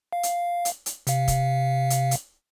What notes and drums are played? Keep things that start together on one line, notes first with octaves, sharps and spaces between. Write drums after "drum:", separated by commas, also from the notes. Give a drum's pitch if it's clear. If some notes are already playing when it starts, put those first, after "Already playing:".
F5
drum: hi-hat
drum: hi-hat
drum: hi-hat
C3 F5, drum: hi-hat
drum: kick, hi-hat
drum: hi-hat
drum: hi-hat